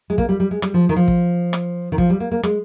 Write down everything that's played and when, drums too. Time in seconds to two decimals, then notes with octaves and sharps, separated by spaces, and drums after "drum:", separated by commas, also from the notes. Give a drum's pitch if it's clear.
0.10 G#3
0.18 A#3, drum: kick
0.29 G3
0.40 G3
0.51 G#3
0.62 G3, drum: rim click
0.74 F3
0.89 D#3
0.96 F3
1.08 drum: kick
1.53 drum: rim click
1.92 D#3
1.98 F3, drum: kick
2.10 G3
2.20 A#3
2.32 A#3
2.43 G#3, drum: rim click